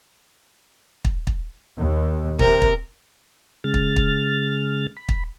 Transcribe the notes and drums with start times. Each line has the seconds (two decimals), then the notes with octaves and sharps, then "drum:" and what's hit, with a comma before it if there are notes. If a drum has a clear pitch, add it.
1.05 drum: kick
1.27 drum: kick
1.78 D#2
2.39 C3 A#4, drum: kick
2.62 drum: kick
3.64 C#3 G#3 F6 A6
3.74 drum: kick
3.96 drum: kick
4.97 B5
5.09 drum: kick